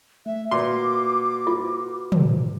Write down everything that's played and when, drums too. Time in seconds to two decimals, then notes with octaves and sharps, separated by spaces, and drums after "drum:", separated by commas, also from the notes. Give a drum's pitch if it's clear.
0.26 A3 E5
0.51 A#2 F#4 B4 C6 D6
1.47 F4
2.12 drum: tom